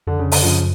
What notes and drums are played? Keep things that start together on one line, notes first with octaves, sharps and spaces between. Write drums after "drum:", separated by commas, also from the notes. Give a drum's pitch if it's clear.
F2 D3
C#3
D3, drum: open hi-hat
F#2 C#3 F3